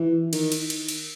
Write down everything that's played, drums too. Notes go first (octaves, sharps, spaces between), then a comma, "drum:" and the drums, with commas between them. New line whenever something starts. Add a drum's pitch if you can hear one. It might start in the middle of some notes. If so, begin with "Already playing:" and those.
Already playing: E3
D#3, drum: cymbal
drum: cymbal
drum: cymbal
drum: cymbal